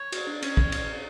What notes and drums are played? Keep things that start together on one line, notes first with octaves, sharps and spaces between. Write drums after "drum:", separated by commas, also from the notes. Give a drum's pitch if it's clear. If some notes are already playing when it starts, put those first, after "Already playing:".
Already playing: C#5
F#4, drum: cymbal
D4
C#4 C#5, drum: cymbal
drum: kick
drum: cymbal